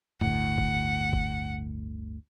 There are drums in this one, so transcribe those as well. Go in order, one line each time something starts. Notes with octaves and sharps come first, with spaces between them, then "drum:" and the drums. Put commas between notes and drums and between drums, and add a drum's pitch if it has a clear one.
G1 D2 A2 F#5, drum: tom F2
drum: kick F1
drum: kick F1